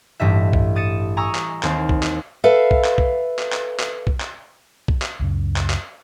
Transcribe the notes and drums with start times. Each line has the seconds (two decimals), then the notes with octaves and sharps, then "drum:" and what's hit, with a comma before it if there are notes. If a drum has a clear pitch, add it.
0.20 A1 G2 D#5 E5
0.53 drum: kick B1
0.76 D#6 A6 C#7 D#7 E7
1.17 G#5 A#5 C#6 D#6 E6
1.35 drum: clap
1.63 D#2 C4 A#4 C7, drum: clap
1.89 drum: kick B1
2.03 drum: clap
2.44 A4 B4 E5 F5
2.71 drum: kick B1
2.84 drum: clap
2.98 drum: kick B1
3.39 drum: clap
3.52 drum: clap
3.80 drum: clap
4.07 drum: kick B1
4.20 drum: clap
4.88 drum: kick B1
5.02 drum: clap
5.19 C#2 F#2 C#3
5.56 drum: clap
5.70 drum: clap